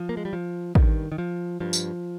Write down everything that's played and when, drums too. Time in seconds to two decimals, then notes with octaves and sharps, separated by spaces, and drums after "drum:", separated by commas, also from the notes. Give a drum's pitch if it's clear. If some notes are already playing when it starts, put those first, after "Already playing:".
Already playing: F3
0.09 A#3
0.17 G#3
0.25 G3
0.33 F3
0.75 G2 D#3, drum: kick
1.12 D#3
1.18 F3
1.60 G2 F3
1.73 drum: tambourine